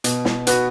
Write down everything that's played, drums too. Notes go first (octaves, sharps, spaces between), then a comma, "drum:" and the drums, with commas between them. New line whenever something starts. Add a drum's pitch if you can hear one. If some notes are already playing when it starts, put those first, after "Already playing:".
B2, drum: hi-hat
drum: snare
B3 F#4 B4, drum: hi-hat